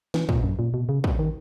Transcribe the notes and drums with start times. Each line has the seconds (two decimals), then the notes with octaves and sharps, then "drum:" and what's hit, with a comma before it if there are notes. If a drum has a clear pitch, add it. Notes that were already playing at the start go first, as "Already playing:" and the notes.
0.14 E3, drum: snare
0.29 A#2, drum: kick
0.43 F#2
0.59 A#2
0.74 B2
0.89 C#3
1.04 drum: kick
1.19 D#3